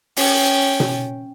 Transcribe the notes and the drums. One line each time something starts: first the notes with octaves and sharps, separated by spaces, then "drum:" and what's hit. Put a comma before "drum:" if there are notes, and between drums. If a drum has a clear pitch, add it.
C#4 G5, drum: open hi-hat
drum: tom B2